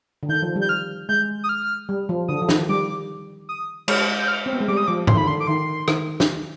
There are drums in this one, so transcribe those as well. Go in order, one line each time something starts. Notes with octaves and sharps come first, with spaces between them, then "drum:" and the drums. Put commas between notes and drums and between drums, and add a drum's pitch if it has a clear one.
D3
D#3 G6
F3
G3
G6
F6
G#3 G6
D#6
F6
G3
F3
D3 D#6
F3
D#3, drum: snare
G3 D6
D#6
G#3 F6, drum: cymbal
G6
F6
C4
B3
G#3
G3 D6
D#6
F3 D6
D3 C6, drum: tom G#2
D#3 B5
D3 C6
D6
D#3 C6
D#3, drum: rim click
drum: snare